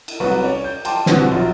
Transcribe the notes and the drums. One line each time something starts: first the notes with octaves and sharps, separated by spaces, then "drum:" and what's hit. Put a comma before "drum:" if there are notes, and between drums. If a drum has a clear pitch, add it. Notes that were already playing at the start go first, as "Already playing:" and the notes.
drum: cymbal
C2 F#3 B3 B4 C#6
C#4 C#5 D5
G6
G5 A5 C6 D6, drum: cymbal
B2 D3 E3 G3 C4 D4, drum: snare
A#1 F#3 F4